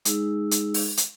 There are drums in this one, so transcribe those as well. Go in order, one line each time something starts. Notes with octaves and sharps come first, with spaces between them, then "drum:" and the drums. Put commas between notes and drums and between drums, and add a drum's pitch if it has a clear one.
G#3 D#4 G#4 E6, drum: hi-hat
drum: hi-hat
drum: open hi-hat
drum: hi-hat